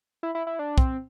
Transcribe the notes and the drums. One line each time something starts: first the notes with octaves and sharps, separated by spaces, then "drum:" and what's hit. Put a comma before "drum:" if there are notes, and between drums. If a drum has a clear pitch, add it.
E4
E4
E4
D4
C4, drum: kick